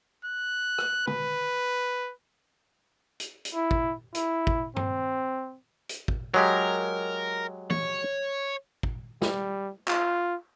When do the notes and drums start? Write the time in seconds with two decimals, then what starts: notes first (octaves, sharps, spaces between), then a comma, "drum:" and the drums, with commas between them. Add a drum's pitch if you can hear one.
0.25 F#6
0.78 drum: rim click
1.07 B4, drum: tom
3.20 drum: hi-hat
3.45 drum: hi-hat
3.55 E4
3.71 drum: kick
4.15 E4, drum: hi-hat
4.47 drum: kick
4.76 C4, drum: tom G2
5.89 drum: hi-hat
6.08 drum: kick
6.34 F#3 G#3 G4 A#4
7.70 C#5, drum: tom
8.83 drum: kick
9.22 G3, drum: snare
9.88 F4, drum: clap